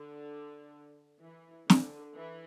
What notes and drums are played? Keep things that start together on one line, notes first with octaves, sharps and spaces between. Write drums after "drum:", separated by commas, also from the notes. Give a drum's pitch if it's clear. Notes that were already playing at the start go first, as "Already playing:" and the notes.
Already playing: D3
E3
D3, drum: snare
E3